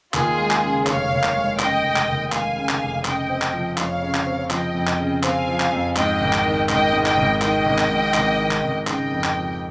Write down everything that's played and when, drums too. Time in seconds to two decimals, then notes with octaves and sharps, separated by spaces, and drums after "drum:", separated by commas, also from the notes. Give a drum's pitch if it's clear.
0.14 D#2 F4 G#4, drum: clap
0.38 G#3
0.50 drum: clap
0.63 C#3
0.87 F1 C#5 F5, drum: clap
1.11 D#2
1.23 drum: clap
1.35 G#3
1.59 C#3 D#5 G5, drum: clap
1.84 F1
1.96 drum: clap
2.08 D#2
2.32 G#3 F5 G#5, drum: clap
2.57 C#3
2.69 drum: clap
2.81 F1
3.05 C#3 D#5 G5, drum: clap
3.30 C4
3.42 drum: clap
3.54 F3
3.78 F2 C#5 F5, drum: clap
4.02 C#3
4.14 drum: clap
4.27 C4
4.50 F3 D#5 G5, drum: clap
4.75 F2
4.87 drum: clap
4.99 C#3
5.23 C4 F5 G#5, drum: clap
5.48 F3
5.60 drum: clap
5.72 F2
5.96 G#2 D#5 G5, drum: clap
6.20 G#1
6.33 drum: clap
6.45 D#3
6.69 G#1 D#5 G5, drum: clap
6.93 G#2
7.06 D#5 G5, drum: clap
7.17 G#1
7.42 D#3 D#5 G5, drum: clap
7.66 G#1
7.78 drum: clap
7.90 G#2
8.14 G#1, drum: clap
8.39 D#3
8.51 drum: clap
8.63 G#1
8.87 C#3 D#5 G5, drum: clap
9.11 F2
9.24 drum: clap
9.36 F3